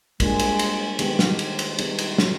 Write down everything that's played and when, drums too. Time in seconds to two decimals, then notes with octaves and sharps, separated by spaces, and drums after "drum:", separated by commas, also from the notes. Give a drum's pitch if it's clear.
0.20 G3 G#3 A#3 D4 F4, drum: kick, cymbal
0.39 drum: cymbal
0.59 drum: cymbal
0.99 D#3 G#3 B3 D#4 G4, drum: cymbal
1.19 drum: snare
1.39 drum: cymbal
1.59 drum: cymbal
1.78 G3 B3 D#4 G#4, drum: cymbal
1.98 drum: cymbal
2.18 drum: snare